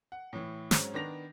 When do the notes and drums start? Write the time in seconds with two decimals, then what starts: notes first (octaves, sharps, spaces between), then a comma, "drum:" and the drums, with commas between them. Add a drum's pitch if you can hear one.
0.12 F#5
0.33 A2 E3
0.71 G#2 F#3 C4 C#4, drum: snare
0.94 D#3 B3 D4 A#6 F7